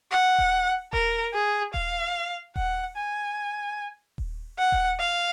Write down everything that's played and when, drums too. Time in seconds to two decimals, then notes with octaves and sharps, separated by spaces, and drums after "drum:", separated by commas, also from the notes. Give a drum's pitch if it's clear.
0.11 F#5
0.38 drum: kick D#1
0.93 A#4, drum: kick D#1
1.34 G#4
1.74 F5, drum: kick D#1
2.56 F#5, drum: kick D#1
2.96 G#5
4.18 drum: kick D#1
4.58 F#5
4.72 drum: kick D#1
5.00 F5